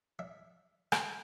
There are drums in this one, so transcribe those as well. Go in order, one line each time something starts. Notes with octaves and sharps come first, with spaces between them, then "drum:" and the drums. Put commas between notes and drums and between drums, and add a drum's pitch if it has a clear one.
E5
drum: rim click